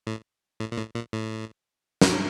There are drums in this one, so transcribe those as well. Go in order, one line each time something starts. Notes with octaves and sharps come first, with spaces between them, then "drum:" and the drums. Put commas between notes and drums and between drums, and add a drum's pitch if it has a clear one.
A2
A2
A#2
A2
A#2
A2
drum: snare